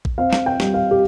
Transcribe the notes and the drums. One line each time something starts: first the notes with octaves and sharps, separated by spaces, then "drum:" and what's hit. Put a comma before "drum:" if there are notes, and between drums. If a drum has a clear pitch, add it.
drum: kick A#1
C4 F5
drum: snare
G5
G3, drum: snare
F5
G4